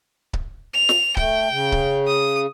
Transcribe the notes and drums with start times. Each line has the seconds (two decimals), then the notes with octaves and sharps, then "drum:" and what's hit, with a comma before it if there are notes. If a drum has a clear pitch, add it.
0.33 drum: kick C#1
0.74 F7
0.89 drum: snare
1.17 A3 G5, drum: kick C#1
1.51 C#3
1.72 drum: kick C#1
2.07 D#6